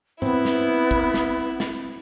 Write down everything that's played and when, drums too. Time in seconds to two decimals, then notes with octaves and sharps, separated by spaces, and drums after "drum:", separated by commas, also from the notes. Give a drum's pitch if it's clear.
0.22 B3 C4 E4, drum: tom G#2
0.45 drum: snare
0.91 drum: kick
1.14 drum: snare
1.60 drum: snare